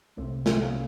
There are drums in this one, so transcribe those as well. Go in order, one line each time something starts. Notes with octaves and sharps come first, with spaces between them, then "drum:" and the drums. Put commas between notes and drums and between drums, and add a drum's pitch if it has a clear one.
C2 C3 A3 C4
A3 C4, drum: snare
A#3 C#4